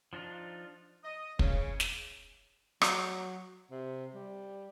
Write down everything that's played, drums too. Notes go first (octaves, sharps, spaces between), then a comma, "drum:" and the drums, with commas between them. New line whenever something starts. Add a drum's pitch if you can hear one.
F3 D4 D#4 F4
D#5
C#3, drum: kick
drum: snare
F#3, drum: rim click
C3
G3